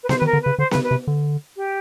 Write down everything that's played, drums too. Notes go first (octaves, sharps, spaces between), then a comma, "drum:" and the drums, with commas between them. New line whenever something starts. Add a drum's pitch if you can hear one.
B4
C#3 C5, drum: snare B3
B4
D#3
A#4
D3
C#3 B4
D3 C5
B4, drum: snare B3
C#3
B4
C3
D3
G4